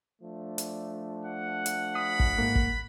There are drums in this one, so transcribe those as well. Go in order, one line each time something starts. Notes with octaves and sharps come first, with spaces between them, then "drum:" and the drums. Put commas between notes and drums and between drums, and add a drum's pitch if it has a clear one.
F3 A3 D4
drum: hi-hat
F#5
drum: hi-hat
B5 D#6
drum: kick
G#2 A#3
drum: kick